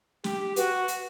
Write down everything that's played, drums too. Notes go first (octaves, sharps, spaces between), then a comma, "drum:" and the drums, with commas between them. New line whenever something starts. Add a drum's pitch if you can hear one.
G4, drum: snare
F#4 B4, drum: hi-hat
drum: hi-hat